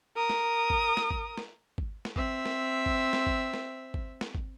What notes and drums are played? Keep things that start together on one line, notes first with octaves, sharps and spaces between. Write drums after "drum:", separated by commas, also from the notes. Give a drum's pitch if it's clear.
A#4 D#6
drum: snare
drum: kick G#1
drum: snare
drum: kick G#1
drum: snare
drum: kick G#1
drum: snare
C4 E5, drum: kick G#1
drum: snare
drum: kick G#1
drum: snare
drum: kick G#1
drum: snare
drum: kick G#1
drum: snare
drum: kick G#1